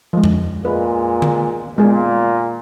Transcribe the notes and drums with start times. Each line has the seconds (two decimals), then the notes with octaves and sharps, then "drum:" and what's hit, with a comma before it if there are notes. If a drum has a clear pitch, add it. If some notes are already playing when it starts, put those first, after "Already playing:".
0.13 F3 G#3
0.24 drum: tom F2
0.65 A#2 G#3 B4
1.22 drum: tom D3
1.78 A#2 G#3 B3 G#4